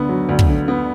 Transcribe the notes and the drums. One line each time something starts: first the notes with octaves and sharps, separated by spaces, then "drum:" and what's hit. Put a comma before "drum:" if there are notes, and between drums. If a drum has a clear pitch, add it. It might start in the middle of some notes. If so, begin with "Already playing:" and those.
Already playing: D2 D3 B3
F#3
D2
drum: kick
D3
B3